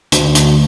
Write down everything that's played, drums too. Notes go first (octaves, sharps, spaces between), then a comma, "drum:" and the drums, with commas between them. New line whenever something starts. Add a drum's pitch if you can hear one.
D2, drum: hi-hat
drum: hi-hat